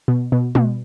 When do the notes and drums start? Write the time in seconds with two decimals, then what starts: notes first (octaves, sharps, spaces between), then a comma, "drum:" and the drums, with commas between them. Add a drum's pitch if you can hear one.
0.08 B2
0.32 B2
0.55 B2, drum: tom